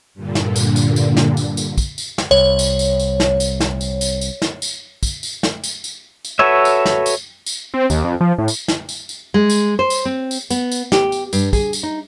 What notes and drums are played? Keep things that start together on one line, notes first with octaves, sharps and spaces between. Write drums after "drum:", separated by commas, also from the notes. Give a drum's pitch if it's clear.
G2 A#2 D3
drum: snare
drum: tambourine
drum: tambourine
drum: tambourine
drum: snare
drum: tambourine
drum: tambourine
drum: kick, tambourine
drum: tambourine
drum: snare
C2 C#5
drum: tambourine
drum: tambourine
drum: tambourine
drum: snare
drum: tambourine
drum: snare
drum: tambourine
drum: tambourine
drum: tambourine
drum: snare
drum: tambourine
drum: kick, tambourine
drum: tambourine
drum: snare
drum: tambourine
drum: tambourine
drum: tambourine
F#4 A4 B4 C#5 E5
drum: tambourine
drum: snare
drum: tambourine
drum: tambourine
C4
D#2, drum: tambourine
F2
F3
A2
drum: tambourine
drum: snare
drum: tambourine
drum: tambourine
G#3
drum: tambourine
C5
drum: tambourine
C4
drum: tambourine
B3, drum: tambourine
drum: tambourine
G4, drum: snare
drum: tambourine
G2, drum: tambourine
G#4, drum: kick, tambourine
drum: tambourine
D#4